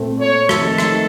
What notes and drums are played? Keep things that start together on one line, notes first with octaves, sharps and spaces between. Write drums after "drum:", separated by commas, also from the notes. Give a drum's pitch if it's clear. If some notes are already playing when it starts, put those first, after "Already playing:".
Already playing: A#2 A3 C4
C#5
F2 D#3 A3 A4, drum: rim click
drum: rim click